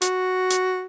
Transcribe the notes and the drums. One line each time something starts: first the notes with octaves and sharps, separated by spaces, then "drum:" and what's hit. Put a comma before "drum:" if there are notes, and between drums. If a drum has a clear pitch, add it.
F#4, drum: hi-hat
drum: hi-hat